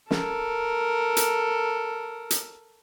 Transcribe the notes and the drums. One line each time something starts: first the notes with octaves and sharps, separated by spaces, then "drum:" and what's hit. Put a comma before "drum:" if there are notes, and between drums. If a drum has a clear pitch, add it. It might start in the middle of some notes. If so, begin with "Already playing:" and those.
A4 A#4, drum: snare
drum: hi-hat
drum: hi-hat